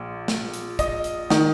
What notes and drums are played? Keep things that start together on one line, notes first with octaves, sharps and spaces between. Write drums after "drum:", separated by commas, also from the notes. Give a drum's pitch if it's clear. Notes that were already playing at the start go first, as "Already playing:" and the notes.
Already playing: A#1
drum: snare
drum: hi-hat
D#5, drum: kick, hi-hat
drum: hi-hat
D#3, drum: snare